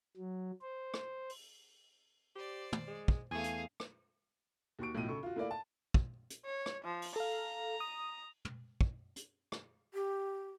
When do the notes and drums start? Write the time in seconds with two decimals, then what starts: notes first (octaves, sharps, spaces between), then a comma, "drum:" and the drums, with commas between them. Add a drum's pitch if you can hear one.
0.17 F#3
0.62 C5
0.94 drum: rim click
1.29 drum: open hi-hat
2.35 G4 C5 D5
2.72 drum: tom
2.87 G#3
3.08 drum: kick
3.31 E2 A3 G#4 F5 G#5
3.44 drum: hi-hat
3.80 drum: rim click
4.79 D#2 F#4 C#6 D7
4.95 B1 A2 F3 D#7
5.09 C#3 A4 C#6
5.23 F4 F#4
5.36 A3 A#3 E4 A#4 D5 F5
5.51 A5
5.94 drum: kick
6.30 drum: hi-hat
6.46 C#5
6.66 drum: rim click
6.84 F3
7.02 drum: open hi-hat
7.16 A4 F5 A#5
7.80 D#6
8.45 drum: tom
8.81 drum: kick
9.16 drum: hi-hat
9.52 drum: rim click
9.94 G4